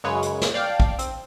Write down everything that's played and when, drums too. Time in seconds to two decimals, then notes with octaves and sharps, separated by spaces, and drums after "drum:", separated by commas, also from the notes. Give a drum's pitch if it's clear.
0.04 F#2 C#3 G#3 B4 C#5
0.23 drum: hi-hat
0.42 drum: snare
0.54 D5 F5 G5 A5
0.80 drum: kick
0.99 C4, drum: hi-hat